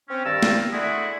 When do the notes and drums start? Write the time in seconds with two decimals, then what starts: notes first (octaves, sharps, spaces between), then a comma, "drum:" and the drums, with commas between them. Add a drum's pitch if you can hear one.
0.09 C4 C#4
0.24 G2 D#3 A#4 A5 E6
0.43 drum: snare
0.72 D3 A3 E4 F#4 G#4